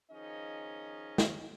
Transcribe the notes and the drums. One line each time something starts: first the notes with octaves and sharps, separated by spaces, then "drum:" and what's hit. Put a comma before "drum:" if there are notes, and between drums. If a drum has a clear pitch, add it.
D#3 F3 C#4 D#4 G#4 D#5
drum: snare